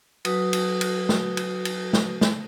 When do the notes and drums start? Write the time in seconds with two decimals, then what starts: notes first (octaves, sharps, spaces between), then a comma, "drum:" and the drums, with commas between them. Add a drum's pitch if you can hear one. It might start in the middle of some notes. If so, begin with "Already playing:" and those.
0.25 F#3 F#4 B4 D#6, drum: cymbal
0.53 drum: cymbal
0.81 drum: cymbal
1.09 drum: snare
1.37 drum: cymbal
1.65 drum: cymbal
1.93 drum: snare
2.21 drum: snare